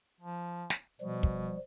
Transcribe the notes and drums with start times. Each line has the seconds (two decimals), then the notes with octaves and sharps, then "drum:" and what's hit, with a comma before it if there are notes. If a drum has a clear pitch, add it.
0.21 F3
0.70 drum: snare
1.01 B2 F3 G3
1.23 drum: kick